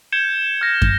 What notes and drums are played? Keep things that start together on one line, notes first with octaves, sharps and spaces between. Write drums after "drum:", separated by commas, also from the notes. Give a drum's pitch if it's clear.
G6 G#6 C#7 E7 G7
F6 A#6
drum: kick